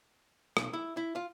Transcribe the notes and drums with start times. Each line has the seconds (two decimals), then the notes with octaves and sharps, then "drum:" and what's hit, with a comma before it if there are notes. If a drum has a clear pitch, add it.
0.57 B1, drum: rim click
0.73 E4
0.97 E4
1.15 F4